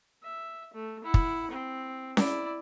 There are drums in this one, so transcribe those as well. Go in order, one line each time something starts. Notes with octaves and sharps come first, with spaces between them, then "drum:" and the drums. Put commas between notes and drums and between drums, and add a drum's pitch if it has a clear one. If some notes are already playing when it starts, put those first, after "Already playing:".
E5
A3
E4 F#5
drum: kick
C4
E4 D5, drum: snare C#4